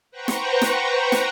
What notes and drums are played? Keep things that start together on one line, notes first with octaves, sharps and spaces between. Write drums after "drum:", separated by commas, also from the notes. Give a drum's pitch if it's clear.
B4 C5 F#5 G5 A#5 C#6
drum: snare
drum: snare
drum: snare